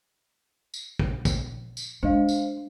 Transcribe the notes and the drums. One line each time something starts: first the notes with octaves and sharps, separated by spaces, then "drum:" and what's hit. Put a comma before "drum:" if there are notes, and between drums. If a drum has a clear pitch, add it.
drum: tambourine
drum: kick
drum: kick, tambourine
drum: tambourine
G#3 D4 C5 D#5 F5
drum: tambourine